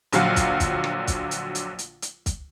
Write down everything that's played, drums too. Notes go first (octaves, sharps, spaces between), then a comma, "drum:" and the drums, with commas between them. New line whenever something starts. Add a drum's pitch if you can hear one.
A#1 A#2 D3 F#3 F#4 F5, drum: hi-hat
drum: kick, hi-hat
drum: kick, hi-hat
drum: rim click
drum: kick, hi-hat
drum: hi-hat
drum: hi-hat
drum: hi-hat
drum: hi-hat
drum: kick, hi-hat